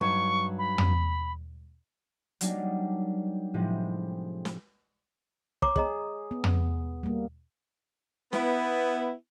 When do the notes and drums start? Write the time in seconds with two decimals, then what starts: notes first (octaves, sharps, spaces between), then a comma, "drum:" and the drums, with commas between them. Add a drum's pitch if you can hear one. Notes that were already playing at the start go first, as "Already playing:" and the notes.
0.01 G2 F#3 D#4 C#6
0.58 B5
0.78 drum: tom
2.41 F#3 G3 A#3 D4 D#4, drum: hi-hat
3.54 A2 C3 F3 G#3
4.45 drum: snare
5.62 C#5 A#5 D6, drum: kick
5.76 G#4 C#5 D#5 A#5, drum: kick
6.31 B3
6.44 drum: tom
7.03 G3 A#3
8.33 B3 E4, drum: snare